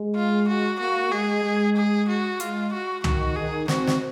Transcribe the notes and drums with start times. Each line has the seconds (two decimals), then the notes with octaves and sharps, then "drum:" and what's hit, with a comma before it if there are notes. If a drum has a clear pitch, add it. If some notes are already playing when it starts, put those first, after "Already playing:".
Already playing: G#3
0.16 F4
0.48 F#4
0.80 A#3 F#4
1.11 G#3 G#4
1.44 G#3
1.76 G#4
2.08 F#4
2.40 G#3 F4, drum: hi-hat
2.73 F#4
3.04 D#3 F#4, drum: tom
3.36 D#3 G#4
3.68 C4 F#4, drum: snare
3.87 drum: snare